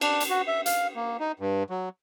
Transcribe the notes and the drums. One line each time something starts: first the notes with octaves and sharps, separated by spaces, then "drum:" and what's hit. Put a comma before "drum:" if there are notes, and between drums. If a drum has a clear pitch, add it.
D4, drum: cymbal
drum: hi-hat
F#4
E5
F5, drum: hi-hat
A#3
D#4
G2
F#3